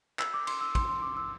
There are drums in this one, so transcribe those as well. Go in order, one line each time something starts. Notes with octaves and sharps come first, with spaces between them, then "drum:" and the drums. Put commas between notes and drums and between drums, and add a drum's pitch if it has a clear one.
E6, drum: clap
D6
C6, drum: cymbal
E6
C6, drum: kick, cymbal
C6
D6
E6